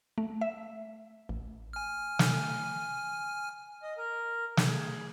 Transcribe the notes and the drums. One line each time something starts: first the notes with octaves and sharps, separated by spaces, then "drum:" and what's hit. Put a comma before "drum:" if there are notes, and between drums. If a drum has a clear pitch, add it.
A3
E5
A1
G#5 F6
drum: snare
D#5
A#4
G#4, drum: snare